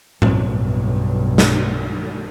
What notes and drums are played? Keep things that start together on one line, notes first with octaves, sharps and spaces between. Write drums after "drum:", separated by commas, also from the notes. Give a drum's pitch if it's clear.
B1 G2, drum: tom A2
drum: snare